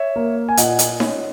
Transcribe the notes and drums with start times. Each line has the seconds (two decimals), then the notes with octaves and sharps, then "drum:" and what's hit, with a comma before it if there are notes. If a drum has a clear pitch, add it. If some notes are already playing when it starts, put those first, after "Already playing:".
Already playing: C#5 E5
0.16 A#3
0.49 G#5
0.57 A#2 D#5 F#5, drum: hi-hat
0.79 drum: hi-hat
1.00 C#4, drum: snare D#4